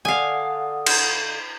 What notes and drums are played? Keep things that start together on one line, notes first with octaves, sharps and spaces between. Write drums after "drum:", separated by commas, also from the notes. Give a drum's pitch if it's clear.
D3 F4 F5 F#5 G#5 D#6
drum: cymbal